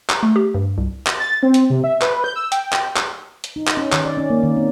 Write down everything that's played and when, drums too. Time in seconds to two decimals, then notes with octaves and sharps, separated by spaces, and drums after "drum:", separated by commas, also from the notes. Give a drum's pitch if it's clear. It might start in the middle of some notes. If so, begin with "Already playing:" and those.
0.10 A#5, drum: clap
0.23 A3
0.36 G4
0.54 G2
0.78 C2
1.07 drum: clap
1.19 A6
1.43 C4
1.54 drum: hi-hat
1.70 C3
1.84 E5
2.02 B4, drum: clap
2.24 G6
2.36 E6
2.52 G5, drum: hi-hat
2.73 drum: clap
2.96 drum: clap
3.44 drum: hi-hat
3.56 D#4
3.68 drum: clap
3.77 C#4
3.92 D#3, drum: clap
4.05 D5
4.17 C#4
4.30 A#3
4.43 D#3
4.57 C4